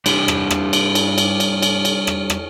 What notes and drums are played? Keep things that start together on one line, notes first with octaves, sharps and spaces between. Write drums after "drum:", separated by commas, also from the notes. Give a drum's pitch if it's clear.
G3 D4 G4 C5 C#5, drum: cymbal
drum: rim click
drum: rim click
drum: cymbal
drum: cymbal
drum: cymbal
drum: cymbal
drum: cymbal
drum: cymbal
drum: rim click
drum: rim click